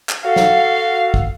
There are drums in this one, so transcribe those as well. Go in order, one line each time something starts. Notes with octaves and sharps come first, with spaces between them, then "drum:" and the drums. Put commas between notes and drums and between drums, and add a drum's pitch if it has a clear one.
drum: clap
F#4 A4 F5
drum: snare
drum: kick